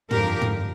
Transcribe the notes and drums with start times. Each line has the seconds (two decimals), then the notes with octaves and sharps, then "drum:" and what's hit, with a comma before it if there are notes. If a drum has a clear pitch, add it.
0.11 F2 D3 F3 G4 A#4, drum: tom
0.41 drum: tom